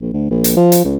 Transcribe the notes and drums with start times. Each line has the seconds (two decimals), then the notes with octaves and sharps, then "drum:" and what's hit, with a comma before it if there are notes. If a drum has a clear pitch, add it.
0.01 A#1
0.13 D2
0.30 A#1
0.44 drum: hi-hat
0.57 F3
0.72 drum: hi-hat
0.85 C#2